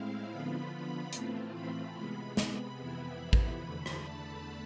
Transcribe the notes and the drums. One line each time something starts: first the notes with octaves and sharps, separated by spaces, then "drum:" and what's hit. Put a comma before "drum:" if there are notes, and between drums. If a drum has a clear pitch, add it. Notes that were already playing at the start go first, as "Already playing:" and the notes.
Already playing: A2 G#3 C4 E4 F5
D3 F3 B3 F4 B5
A2 E3 A3 C4 F4, drum: hi-hat
B5
C3 G#3 B3 B5
B5, drum: snare
F2 C3 E3 B3 E4 B5
B5
drum: kick
E2 D3 A3 B5
drum: rim click
A5